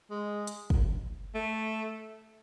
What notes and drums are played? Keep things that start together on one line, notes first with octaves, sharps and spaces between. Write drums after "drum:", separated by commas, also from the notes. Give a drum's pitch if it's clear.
G#3
drum: hi-hat
drum: kick
A3